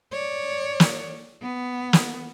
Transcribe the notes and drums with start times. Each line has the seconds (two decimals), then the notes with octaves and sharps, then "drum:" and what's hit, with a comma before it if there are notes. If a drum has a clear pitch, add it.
0.12 C#5 D5
0.80 drum: snare
1.42 B3
1.93 drum: snare